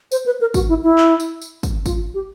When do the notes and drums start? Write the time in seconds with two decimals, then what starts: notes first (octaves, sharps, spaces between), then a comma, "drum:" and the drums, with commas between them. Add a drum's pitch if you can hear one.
0.11 C5, drum: tambourine
0.26 B4
0.41 A#4
0.54 F#4, drum: kick, tambourine
0.69 E4
0.83 E4
0.98 drum: clap
1.20 drum: tambourine
1.41 drum: tambourine
1.63 drum: kick, tambourine
1.86 F4, drum: kick, tambourine
2.14 G4